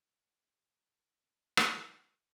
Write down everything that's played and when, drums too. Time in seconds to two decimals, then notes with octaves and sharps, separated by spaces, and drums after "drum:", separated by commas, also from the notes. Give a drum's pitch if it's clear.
0.30 G4
0.73 A#4
1.15 C5
1.57 drum: rim click